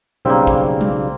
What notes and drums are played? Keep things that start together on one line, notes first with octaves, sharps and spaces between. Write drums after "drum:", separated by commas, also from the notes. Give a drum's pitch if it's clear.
B1 C#3 G3 A#3 C4
drum: kick
drum: tom G3